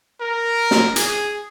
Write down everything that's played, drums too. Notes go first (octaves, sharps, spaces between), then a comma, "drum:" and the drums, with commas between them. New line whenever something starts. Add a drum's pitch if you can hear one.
A#4
drum: snare
G#4, drum: hi-hat